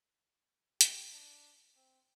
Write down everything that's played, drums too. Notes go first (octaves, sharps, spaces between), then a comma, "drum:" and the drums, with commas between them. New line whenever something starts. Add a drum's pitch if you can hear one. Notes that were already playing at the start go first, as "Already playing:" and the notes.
G4, drum: hi-hat
D4
C4